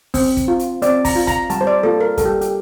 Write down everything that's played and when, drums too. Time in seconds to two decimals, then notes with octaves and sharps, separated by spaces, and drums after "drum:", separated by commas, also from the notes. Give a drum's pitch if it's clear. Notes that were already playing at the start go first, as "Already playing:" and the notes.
0.14 C4, drum: kick, open hi-hat
0.37 drum: kick, hi-hat
0.48 F4
0.59 drum: hi-hat
0.82 C4 D5, drum: hi-hat
1.05 A#5, drum: kick, open hi-hat
1.16 F4
1.27 A#5, drum: kick, hi-hat
1.50 G3 A5, drum: hi-hat
1.61 C5
1.67 D5
1.83 A#3 F4 A4
2.00 A#4
2.17 G3 A4, drum: kick, hi-hat
2.25 G4
2.41 G4, drum: hi-hat